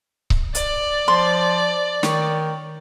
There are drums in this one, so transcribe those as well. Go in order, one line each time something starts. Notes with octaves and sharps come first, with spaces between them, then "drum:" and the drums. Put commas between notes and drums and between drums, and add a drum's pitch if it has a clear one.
drum: kick C#1
D5, drum: hi-hat
F3 C6
D#3 C#5, drum: snare